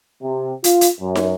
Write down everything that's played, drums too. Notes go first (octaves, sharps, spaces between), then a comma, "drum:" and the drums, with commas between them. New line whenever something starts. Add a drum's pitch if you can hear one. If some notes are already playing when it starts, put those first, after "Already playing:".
C3
F4, drum: hi-hat
drum: hi-hat
F#2
drum: snare